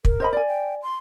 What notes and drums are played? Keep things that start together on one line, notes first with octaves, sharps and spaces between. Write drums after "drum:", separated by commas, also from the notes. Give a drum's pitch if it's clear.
A#4, drum: kick
C5 D#5 B5
D5 G#5
G5
C6